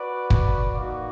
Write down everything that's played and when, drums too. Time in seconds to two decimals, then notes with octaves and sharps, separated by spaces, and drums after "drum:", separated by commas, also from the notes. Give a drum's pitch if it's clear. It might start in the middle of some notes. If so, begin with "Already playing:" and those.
Already playing: F#4 B4 D5
0.30 drum: kick
0.76 A#3 D#4 F#4